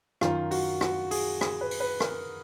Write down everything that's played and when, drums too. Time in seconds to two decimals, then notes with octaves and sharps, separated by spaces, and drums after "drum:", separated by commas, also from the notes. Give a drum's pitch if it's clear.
0.21 F#2 D#3 F4, drum: rim click
0.51 F#4, drum: open hi-hat
0.81 F#4, drum: rim click
1.11 G#4, drum: open hi-hat
1.41 G#4, drum: rim click
1.61 B4
1.71 drum: open hi-hat
1.80 B4
2.00 A#4, drum: rim click